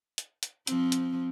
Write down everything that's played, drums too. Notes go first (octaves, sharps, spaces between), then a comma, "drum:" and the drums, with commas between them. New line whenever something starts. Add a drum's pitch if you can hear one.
drum: hi-hat
drum: hi-hat
F3 C4, drum: hi-hat
drum: hi-hat